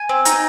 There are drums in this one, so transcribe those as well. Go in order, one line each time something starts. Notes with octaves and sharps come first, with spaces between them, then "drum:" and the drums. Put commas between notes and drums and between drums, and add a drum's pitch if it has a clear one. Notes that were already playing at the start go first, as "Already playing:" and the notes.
Already playing: G#5
C4
D#4, drum: hi-hat